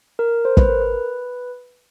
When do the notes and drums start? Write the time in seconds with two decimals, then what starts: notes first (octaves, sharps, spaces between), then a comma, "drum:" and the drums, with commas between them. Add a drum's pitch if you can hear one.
0.19 A#4
0.45 C5
0.57 B4, drum: kick
0.69 A#4
0.81 B4